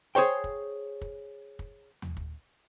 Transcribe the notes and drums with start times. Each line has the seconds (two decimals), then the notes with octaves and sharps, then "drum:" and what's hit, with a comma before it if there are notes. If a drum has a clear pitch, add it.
0.15 G#4 C5 C#5 G5
0.44 drum: kick
1.01 drum: kick
1.59 drum: kick
2.02 drum: tom D#2
2.17 drum: kick